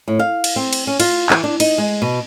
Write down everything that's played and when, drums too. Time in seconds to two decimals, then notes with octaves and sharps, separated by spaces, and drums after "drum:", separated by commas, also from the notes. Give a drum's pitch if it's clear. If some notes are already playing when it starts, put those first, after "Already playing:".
0.08 A2
0.19 F5
0.44 drum: cymbal
0.56 C4
0.73 drum: cymbal
0.87 C#4
1.00 F4, drum: cymbal
1.30 E3, drum: clap
1.44 D4
1.60 D#4, drum: cymbal
1.78 G#3
2.02 B2